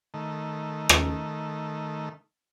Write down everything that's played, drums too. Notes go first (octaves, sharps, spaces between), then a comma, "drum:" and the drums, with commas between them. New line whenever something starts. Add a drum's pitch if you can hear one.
D#3 A3
drum: rim click